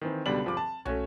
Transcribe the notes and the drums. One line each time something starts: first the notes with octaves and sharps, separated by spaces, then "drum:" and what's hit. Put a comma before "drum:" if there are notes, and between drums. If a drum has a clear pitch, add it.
D#3 E3 C4
C#2 B2 D3 G3 D5 F#7
F1 F3 D6
A5
A3 C#4 F#4 C#5, drum: tom